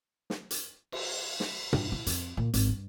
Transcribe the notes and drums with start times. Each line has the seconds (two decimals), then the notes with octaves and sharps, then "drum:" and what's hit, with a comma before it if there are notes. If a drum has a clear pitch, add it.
0.30 drum: snare
0.51 drum: hi-hat
0.92 drum: cymbal
1.40 drum: snare
1.73 G2, drum: tom A#2
1.92 E4
2.07 F2, drum: hi-hat
2.37 A#2
2.54 G#1, drum: hi-hat
2.68 G2